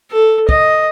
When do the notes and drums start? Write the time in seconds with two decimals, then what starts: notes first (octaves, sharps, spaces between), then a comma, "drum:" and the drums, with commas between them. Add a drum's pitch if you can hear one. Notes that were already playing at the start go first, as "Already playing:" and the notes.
0.11 A4
0.49 D#5, drum: kick